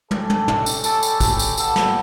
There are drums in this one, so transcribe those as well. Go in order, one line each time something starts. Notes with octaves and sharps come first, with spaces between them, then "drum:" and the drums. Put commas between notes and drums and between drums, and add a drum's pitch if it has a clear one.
C#4 G4 A4, drum: tom
drum: tom
drum: tom
drum: tambourine
G3 C#4 G4 A4, drum: tambourine
drum: tambourine
A4, drum: kick, tambourine
drum: tambourine
G3 B3 D4 G4 A4, drum: tambourine
drum: snare